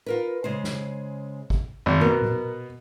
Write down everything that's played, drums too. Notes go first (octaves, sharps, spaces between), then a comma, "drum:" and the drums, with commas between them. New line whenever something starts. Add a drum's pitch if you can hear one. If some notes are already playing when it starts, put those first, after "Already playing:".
F4 A#4 B4
C#3 G#3 C5
drum: snare
drum: kick G#1
G#1, drum: tom F#2
B2 B3 A#4
drum: tom A#2